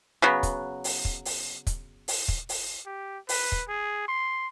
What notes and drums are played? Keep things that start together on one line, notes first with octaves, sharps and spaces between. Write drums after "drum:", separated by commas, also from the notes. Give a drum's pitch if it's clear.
C#3 F#3 B3
drum: kick, hi-hat
drum: open hi-hat
drum: kick
drum: open hi-hat
drum: kick, hi-hat
drum: open hi-hat
drum: kick
drum: open hi-hat
G4
B4, drum: open hi-hat
drum: kick
G#4
C6